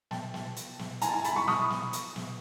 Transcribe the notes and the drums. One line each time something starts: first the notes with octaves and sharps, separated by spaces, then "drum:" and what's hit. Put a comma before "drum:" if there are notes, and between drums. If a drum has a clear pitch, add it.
G5 A5, drum: snare
drum: snare
drum: hi-hat
drum: snare
G#5 A#5, drum: hi-hat
A5
G#5 A#5
A5 B5, drum: hi-hat
B5 C#6
C#6 D#6, drum: snare
drum: snare
drum: hi-hat
drum: snare